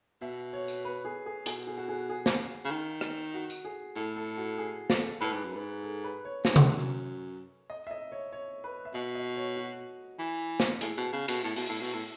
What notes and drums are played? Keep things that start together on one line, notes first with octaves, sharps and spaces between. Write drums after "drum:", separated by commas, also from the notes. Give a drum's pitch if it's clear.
B2 E5
C#5
drum: tambourine
B4
G#4
G#4
B2 G#4, drum: hi-hat
G#4
F#4
G#4
G#4
drum: snare
C#3
D#3
drum: rim click
F#4
drum: tambourine
G#4
A2 A4
A4
F#4
G#4
A4, drum: snare
A2 B4
G#2
F#2
G#2 B4
A4
B4
C#5
G#2, drum: snare
F#2, drum: tom C3
E2
F#2
D#5
E5
D#5
C#5
C#5
B4
E5
B2 D#5
D#5
C#5
F#4
E3
drum: snare
A2 G#4, drum: hi-hat
B2
C#3
B2, drum: cymbal
A2
B2, drum: open hi-hat
A2
B2
A2